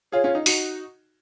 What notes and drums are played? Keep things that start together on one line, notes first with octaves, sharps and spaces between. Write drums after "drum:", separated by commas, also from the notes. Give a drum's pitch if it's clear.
F4 G#4 C#5
C#4 F4
D#4
D#4 F#4, drum: open hi-hat